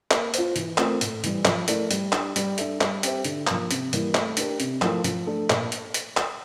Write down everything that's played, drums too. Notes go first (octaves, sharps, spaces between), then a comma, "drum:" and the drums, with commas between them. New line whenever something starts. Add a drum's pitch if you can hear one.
A#3, drum: clap
F4 C5, drum: hi-hat
E3, drum: hi-hat
A3 C4 F4 A#4, drum: clap
A2, drum: hi-hat
E3 G3, drum: hi-hat
F3, drum: clap
A3 E4 A#4 D5, drum: hi-hat
G3, drum: hi-hat
D4 G4, drum: clap
G3, drum: hi-hat
D4 A4 E5, drum: hi-hat
G3, drum: clap
C4 G4 C5 E5, drum: hi-hat
D3, drum: hi-hat
F3 A#3, drum: clap
C3, drum: hi-hat
E3 G3 A#3 E4, drum: hi-hat
A3, drum: clap
D4 G4 A#4, drum: hi-hat
C3, drum: hi-hat
F3 A3 E4 A#4, drum: clap
F3, drum: hi-hat
A3 D4 A4
A#2, drum: clap
drum: hi-hat
drum: hi-hat
drum: clap